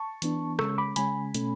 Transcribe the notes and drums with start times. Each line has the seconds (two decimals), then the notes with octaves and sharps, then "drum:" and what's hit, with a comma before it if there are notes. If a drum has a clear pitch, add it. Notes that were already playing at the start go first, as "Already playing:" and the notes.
Already playing: A5 C#6
0.22 E3 B3 D4, drum: hi-hat
0.59 C#3 G#3 C#4 C#6 E6, drum: rim click
0.78 B5 D6
0.96 C#3 G#3 C#4 G#5 B5, drum: hi-hat
1.34 B2 A3 C#4, drum: hi-hat